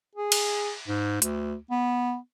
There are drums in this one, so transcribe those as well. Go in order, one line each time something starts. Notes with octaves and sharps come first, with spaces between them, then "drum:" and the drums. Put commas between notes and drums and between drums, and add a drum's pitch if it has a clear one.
G#4
drum: cymbal
G#2
D2, drum: hi-hat
B3